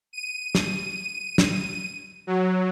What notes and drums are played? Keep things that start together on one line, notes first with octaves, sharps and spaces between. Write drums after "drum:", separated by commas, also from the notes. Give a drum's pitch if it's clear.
D#7
drum: snare
drum: snare
F#3